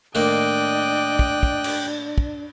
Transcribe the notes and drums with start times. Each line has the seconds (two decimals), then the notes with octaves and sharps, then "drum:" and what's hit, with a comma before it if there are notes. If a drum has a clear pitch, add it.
0.15 A2 D#3 A#3 D4 D#5 G5 D6 F#6
1.19 drum: kick
1.43 drum: kick
1.64 drum: cymbal
2.18 drum: kick